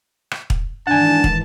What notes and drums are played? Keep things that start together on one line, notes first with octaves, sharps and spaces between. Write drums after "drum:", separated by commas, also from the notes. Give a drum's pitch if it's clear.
drum: rim click
drum: kick
G#2 D#3 E3 D4 F#5 G#5 A5
drum: kick